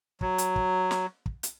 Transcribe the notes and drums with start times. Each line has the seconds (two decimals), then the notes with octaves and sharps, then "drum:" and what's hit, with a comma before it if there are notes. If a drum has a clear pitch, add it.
0.21 F#3, drum: kick
0.38 drum: hi-hat
0.56 drum: kick
0.91 drum: snare
1.26 drum: kick
1.43 drum: hi-hat